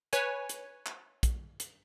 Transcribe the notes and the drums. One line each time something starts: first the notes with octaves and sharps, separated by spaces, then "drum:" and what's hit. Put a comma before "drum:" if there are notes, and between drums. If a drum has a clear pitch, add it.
B4 C#5 G#5, drum: hi-hat
drum: hi-hat
drum: clap
drum: kick, hi-hat
drum: hi-hat